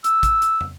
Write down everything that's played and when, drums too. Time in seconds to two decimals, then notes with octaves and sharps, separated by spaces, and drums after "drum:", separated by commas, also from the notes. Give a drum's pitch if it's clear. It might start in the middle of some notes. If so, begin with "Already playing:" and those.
0.04 E6, drum: hi-hat
0.23 drum: kick, hi-hat
0.42 drum: hi-hat
0.61 drum: tom